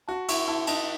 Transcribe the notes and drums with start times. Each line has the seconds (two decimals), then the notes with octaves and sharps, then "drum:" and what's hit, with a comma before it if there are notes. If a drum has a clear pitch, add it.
0.08 F#4 A5
0.29 E4 C#6, drum: cymbal
0.48 E4 A5
0.67 D#4 A5, drum: cymbal